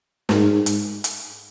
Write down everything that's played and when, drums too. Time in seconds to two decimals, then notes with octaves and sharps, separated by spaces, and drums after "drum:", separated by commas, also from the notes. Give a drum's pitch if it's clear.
0.29 G#2, drum: snare
0.66 drum: hi-hat
1.04 drum: hi-hat